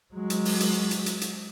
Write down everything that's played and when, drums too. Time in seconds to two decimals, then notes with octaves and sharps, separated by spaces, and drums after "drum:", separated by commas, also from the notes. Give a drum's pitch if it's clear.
0.15 F#3 G#3
0.30 drum: hi-hat
0.45 drum: open hi-hat
0.60 drum: hi-hat
0.91 drum: hi-hat
1.06 drum: hi-hat
1.21 drum: hi-hat